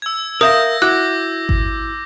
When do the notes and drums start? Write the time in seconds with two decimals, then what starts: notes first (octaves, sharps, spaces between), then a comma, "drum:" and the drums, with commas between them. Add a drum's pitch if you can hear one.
0.02 E6 G#6
0.41 A#4 E5 F5 D#6 E6 G6 A#6
0.82 E4 F#4 D6 F#6
1.49 drum: kick G#1